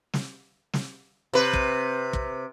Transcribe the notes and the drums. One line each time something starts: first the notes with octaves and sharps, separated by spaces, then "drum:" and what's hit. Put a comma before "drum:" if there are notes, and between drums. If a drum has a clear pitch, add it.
drum: snare
drum: snare
C3 B4
drum: kick
drum: kick